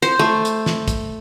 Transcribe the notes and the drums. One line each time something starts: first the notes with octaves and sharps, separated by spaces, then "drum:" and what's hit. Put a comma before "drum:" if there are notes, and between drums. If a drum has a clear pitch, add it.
C5, drum: hi-hat
A3
drum: hi-hat
drum: snare
drum: kick, hi-hat